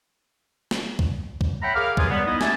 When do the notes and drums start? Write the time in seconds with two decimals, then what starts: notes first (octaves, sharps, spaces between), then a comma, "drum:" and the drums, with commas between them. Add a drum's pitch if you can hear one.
0.71 drum: snare
0.99 drum: kick
1.41 drum: kick
1.62 C#5 E5 F#5 G5 A#5 B5
1.75 G#4 A#4 F5 D6 F6
1.97 C3 E3 F#3 G#3 F4 G#4, drum: kick
2.10 G3 B3
2.26 B3 D#4 E4 D#5
2.41 A3 C#4 G4 E5 G#5 A5, drum: snare